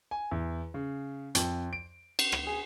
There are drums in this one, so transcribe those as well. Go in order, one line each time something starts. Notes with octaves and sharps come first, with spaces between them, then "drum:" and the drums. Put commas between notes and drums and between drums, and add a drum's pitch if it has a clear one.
G#5
E2
C#3
F2, drum: hi-hat
D7
drum: cymbal
drum: rim click
G#4